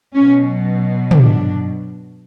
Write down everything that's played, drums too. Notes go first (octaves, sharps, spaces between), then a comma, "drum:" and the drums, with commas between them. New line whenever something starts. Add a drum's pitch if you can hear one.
B2 F#3 C#4
D4, drum: tom